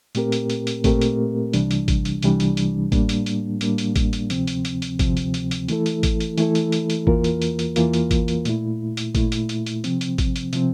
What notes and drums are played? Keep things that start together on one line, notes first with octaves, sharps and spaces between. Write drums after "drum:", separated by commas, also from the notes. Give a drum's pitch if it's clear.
A#2 A3 C4 G4 A#4, drum: hi-hat
drum: hi-hat
drum: hi-hat
drum: hi-hat
A#2 A3 C4 G4 A#4, drum: kick G#1, hi-hat
drum: hi-hat
C2 C3 E3 G3 D4, drum: hi-hat
drum: hi-hat
drum: kick G#1, hi-hat
drum: hi-hat
C2 C3 E3 G3 D4, drum: hi-hat
drum: hi-hat
drum: hi-hat
A2 G3 A#3 D4, drum: kick G#1, hi-hat
drum: hi-hat
drum: hi-hat
A2 G3 A#3 D4, drum: hi-hat
drum: hi-hat
drum: kick G#1, hi-hat
drum: hi-hat
D2 C3 F3 C4, drum: hi-hat
drum: hi-hat
drum: hi-hat
drum: hi-hat
D2 C3 F3 C4, drum: kick G#1, hi-hat
drum: hi-hat
drum: hi-hat
drum: hi-hat
E3 A3 E4 A4, drum: hi-hat
drum: hi-hat
drum: kick G#1, hi-hat
drum: hi-hat
E3 A3 E4 A4, drum: hi-hat
drum: hi-hat
drum: hi-hat
drum: hi-hat
E2 E3 A#3 F4 A#4, drum: kick G#1
drum: hi-hat
drum: hi-hat
drum: hi-hat
E2 E3 A#3 F4 A#4, drum: hi-hat
drum: hi-hat
drum: kick G#1, hi-hat
drum: hi-hat
A#2 A3 E4, drum: hi-hat
drum: hi-hat
A#2 A3 E4, drum: kick G#1, hi-hat
drum: hi-hat
drum: hi-hat
drum: hi-hat
C3 F3 C4, drum: hi-hat
drum: hi-hat
drum: kick G#1, hi-hat
drum: hi-hat
C3 F3 C4, drum: hi-hat